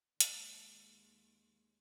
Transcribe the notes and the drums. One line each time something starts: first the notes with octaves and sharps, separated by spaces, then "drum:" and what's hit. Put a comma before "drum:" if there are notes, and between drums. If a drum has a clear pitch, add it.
D#2 G#3, drum: hi-hat